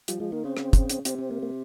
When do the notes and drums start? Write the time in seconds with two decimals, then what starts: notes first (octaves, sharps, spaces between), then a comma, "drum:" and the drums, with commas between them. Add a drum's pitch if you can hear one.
0.08 F3 G3, drum: hi-hat
0.20 F3 G#3
0.32 D#3 A#3
0.44 C#3 C4
0.57 C#3, drum: rim click
0.73 drum: kick, hi-hat
0.90 drum: hi-hat
1.05 C3 C4, drum: hi-hat
1.19 C4
1.31 A#3
1.42 A#3